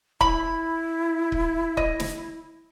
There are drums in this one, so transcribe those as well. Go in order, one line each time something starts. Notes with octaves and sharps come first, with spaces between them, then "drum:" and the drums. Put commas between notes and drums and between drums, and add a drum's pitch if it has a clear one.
E4 B5, drum: kick C#1
drum: kick C#1
D#5, drum: kick C#1
drum: snare